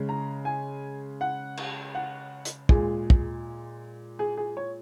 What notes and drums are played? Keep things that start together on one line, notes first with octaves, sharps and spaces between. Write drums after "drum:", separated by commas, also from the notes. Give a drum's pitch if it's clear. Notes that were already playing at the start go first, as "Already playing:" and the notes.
Already playing: C#3 G#3
A#5
G#5
F#5
drum: cymbal
F#5
drum: hi-hat
A#2 G#3 G#4, drum: kick
drum: kick
G#4
G#4
C#5